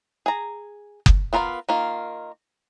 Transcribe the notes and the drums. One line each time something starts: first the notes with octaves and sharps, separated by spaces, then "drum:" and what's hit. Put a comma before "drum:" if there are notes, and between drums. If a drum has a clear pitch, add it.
G#4 A#5
drum: kick F#1
B3 F4 A#4 E5 F5
D#3 A#3 F4